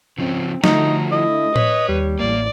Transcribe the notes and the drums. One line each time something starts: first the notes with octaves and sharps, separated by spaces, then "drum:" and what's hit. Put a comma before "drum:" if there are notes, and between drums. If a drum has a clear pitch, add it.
C#3 F3 C4 C#4
D3 F3 A3 D#4 F#4 A#5, drum: snare
E4 D#5
B4 C#5, drum: tom A2
D#2 G3
A1 A2 A#3 D5